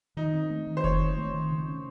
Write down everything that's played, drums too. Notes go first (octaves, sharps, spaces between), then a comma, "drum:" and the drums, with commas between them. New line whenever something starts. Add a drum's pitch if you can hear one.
D#3 D#4
C4
A3
D#3
C5
D#3 C#5, drum: kick F1
C4
A3
D#3
C#3
C#4